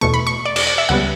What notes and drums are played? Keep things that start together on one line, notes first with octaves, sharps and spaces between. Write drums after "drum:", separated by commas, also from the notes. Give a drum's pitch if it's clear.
E2 B2 A3 C#6
B5
C#6
D5
D5, drum: cymbal
D5
E5
C#2 C#3 G3 B3 F#5